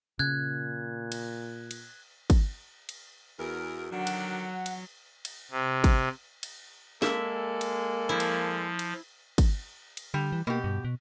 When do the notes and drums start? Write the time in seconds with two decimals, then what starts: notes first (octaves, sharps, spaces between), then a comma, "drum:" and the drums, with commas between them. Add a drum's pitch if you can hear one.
0.19 A#2 C#3 F#6 G#6
1.12 drum: cymbal
1.71 drum: cymbal
2.30 drum: kick, cymbal
2.89 drum: cymbal
3.39 E2 F#4 A#4
3.92 D3 D#3 F#3 D4 F#5
4.07 drum: cymbal
4.66 drum: cymbal
5.25 drum: cymbal
5.51 C3
5.84 drum: kick, cymbal
6.43 drum: cymbal
7.02 G#3 A#3 A4 E5, drum: snare
7.61 drum: cymbal
8.09 F3 E4
8.20 drum: cymbal
8.79 drum: cymbal
9.38 drum: kick, cymbal
9.97 drum: cymbal
10.14 D3 G3
10.32 E3
10.47 B2 A#3 G4
10.64 G2
10.85 B2